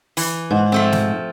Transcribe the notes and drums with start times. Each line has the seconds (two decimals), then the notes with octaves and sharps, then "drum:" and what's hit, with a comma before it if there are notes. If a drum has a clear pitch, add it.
0.17 E3, drum: open hi-hat
0.51 G#2
0.72 F3 A3 C4
0.92 drum: snare